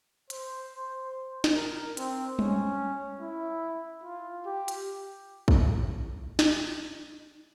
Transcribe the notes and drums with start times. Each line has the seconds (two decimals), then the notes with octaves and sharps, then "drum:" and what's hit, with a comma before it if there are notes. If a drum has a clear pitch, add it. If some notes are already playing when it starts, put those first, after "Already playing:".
0.30 C5, drum: hi-hat
1.44 drum: snare
1.55 A#4
1.97 C4, drum: hi-hat
2.39 C#4, drum: tom G3
3.21 E4
4.04 F4
4.46 G4
4.68 drum: hi-hat
5.48 drum: kick
6.39 drum: snare